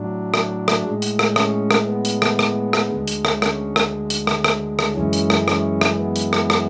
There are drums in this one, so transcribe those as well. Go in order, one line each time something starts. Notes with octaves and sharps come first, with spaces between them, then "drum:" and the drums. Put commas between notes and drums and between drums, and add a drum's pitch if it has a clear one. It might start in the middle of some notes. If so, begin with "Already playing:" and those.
Already playing: A2 F#3 D4
drum: rim click
drum: rim click
A2 G#3
drum: hi-hat
drum: rim click
C#4, drum: rim click
drum: rim click
B3
drum: hi-hat
drum: rim click
drum: rim click
drum: rim click
D2 D3 G#3
drum: hi-hat
drum: rim click
C#4, drum: rim click
drum: rim click
drum: hi-hat
drum: rim click
drum: rim click
drum: rim click
F#2 E3 G#3 C#4
drum: hi-hat
drum: rim click
C#4, drum: rim click
drum: rim click
B3
drum: hi-hat
drum: rim click
drum: rim click